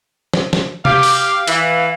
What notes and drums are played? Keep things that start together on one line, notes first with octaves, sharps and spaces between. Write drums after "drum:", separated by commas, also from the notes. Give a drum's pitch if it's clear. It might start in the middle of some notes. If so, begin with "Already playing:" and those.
drum: snare
drum: snare
G4 F5 D6, drum: tom C3
drum: open hi-hat
E3 F5, drum: hi-hat